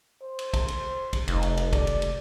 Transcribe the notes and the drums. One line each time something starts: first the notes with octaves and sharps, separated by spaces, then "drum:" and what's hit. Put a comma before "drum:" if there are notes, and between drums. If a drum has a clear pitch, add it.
C5
drum: cymbal
drum: kick, cymbal
drum: cymbal
drum: kick, cymbal
F1 D#4, drum: cymbal
drum: cymbal
drum: cymbal
D5, drum: kick, cymbal
drum: cymbal
drum: cymbal